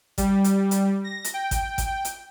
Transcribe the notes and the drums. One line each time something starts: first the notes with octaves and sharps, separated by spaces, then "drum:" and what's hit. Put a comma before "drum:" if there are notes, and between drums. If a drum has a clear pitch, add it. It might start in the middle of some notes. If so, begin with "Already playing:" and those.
G3, drum: kick G#1, hi-hat
drum: hi-hat
drum: hi-hat
A#6
drum: hi-hat
G5
drum: kick G#1, hi-hat
drum: kick G#1, hi-hat
drum: hi-hat